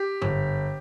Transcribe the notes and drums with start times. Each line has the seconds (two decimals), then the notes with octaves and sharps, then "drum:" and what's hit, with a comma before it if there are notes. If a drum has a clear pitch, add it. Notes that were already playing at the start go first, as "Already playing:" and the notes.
Already playing: G4
0.22 G1, drum: tom G#2